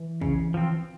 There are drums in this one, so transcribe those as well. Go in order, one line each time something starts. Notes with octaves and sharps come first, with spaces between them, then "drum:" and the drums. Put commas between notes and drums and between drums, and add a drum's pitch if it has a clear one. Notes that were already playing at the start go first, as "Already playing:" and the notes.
Already playing: E3
C#3, drum: kick
F3 C4